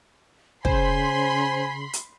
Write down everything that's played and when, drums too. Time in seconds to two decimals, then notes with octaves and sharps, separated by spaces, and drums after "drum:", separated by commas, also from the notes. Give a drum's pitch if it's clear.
0.65 C#3 C5 G#5 B5 C6, drum: kick
1.93 drum: hi-hat